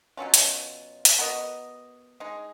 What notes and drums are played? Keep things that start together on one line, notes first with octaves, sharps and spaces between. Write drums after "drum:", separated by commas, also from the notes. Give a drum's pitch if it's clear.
B2 F#3 C#4 F4
drum: hi-hat
drum: hi-hat
B3 F#4 A#4 D#5
G#3 D#4 G#4